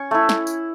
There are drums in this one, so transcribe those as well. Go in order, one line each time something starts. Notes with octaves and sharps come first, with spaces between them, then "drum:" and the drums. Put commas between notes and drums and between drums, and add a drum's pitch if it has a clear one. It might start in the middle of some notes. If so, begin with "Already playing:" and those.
Already playing: C#4 C#6
A3 E4
drum: snare
drum: tambourine